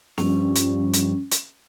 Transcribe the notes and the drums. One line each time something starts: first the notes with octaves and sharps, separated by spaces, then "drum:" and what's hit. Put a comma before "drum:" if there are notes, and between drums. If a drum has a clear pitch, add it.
G2 F3 G3 C#4, drum: snare
drum: hi-hat
drum: hi-hat
drum: hi-hat